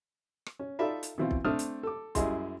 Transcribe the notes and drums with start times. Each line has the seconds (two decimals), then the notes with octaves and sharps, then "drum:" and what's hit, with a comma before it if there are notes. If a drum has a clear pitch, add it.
0.46 drum: rim click
0.59 C#4
0.79 D#4 F4 A4 D5 E5 B5
1.03 drum: hi-hat
1.18 B2 E3 C4 F4
1.31 drum: kick B1
1.45 A3 C4 D4 D#6 F6
1.59 drum: hi-hat
1.83 A4 D6
2.15 F#2 G3 E4 G#4 D#5 C6, drum: kick B1, hi-hat